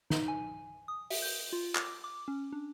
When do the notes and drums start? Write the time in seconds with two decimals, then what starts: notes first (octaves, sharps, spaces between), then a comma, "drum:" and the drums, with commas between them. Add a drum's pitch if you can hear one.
0.10 D#4, drum: snare
0.28 G#5
0.88 D#6
1.10 E5, drum: open hi-hat
1.22 G6
1.53 F4
1.75 D6, drum: clap
2.04 D6
2.28 C#4
2.53 D4